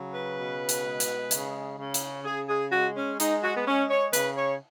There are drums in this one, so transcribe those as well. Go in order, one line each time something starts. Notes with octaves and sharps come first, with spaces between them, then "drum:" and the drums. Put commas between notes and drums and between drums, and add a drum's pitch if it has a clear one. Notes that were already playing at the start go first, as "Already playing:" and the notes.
Already playing: C#3 F#3
B4
B2
drum: hi-hat
G#3
drum: hi-hat
C#3, drum: hi-hat
C#3
drum: hi-hat
C#3 G#4
G#4
G#3 F#4
C#4
G#3 D#4, drum: hi-hat
F#4
B3
G#3 C#4
C#5
C#3 B4, drum: hi-hat
C#5